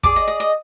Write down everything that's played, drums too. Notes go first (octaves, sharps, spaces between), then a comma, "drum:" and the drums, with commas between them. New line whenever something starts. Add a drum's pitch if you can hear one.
G#4 D5 D6, drum: kick
D#5
D#5
D#5